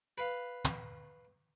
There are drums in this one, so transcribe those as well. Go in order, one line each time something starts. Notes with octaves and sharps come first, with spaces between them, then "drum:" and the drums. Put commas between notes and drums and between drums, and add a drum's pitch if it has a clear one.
B4 F5
drum: tom